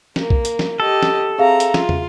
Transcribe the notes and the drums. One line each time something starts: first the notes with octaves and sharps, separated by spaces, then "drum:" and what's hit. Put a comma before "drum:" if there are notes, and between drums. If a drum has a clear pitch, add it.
A#3, drum: snare
drum: kick B1
drum: hi-hat
drum: snare
G4 A4 D#5
drum: snare
C4 G#4 E5 F5 A#5
drum: hi-hat
F4, drum: snare
drum: tom